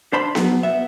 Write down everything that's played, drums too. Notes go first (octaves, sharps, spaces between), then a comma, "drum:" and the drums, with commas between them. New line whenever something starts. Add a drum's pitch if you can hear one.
D4 C5 E5 A5 B5 C6
F#3 B3, drum: snare B3
B3 E5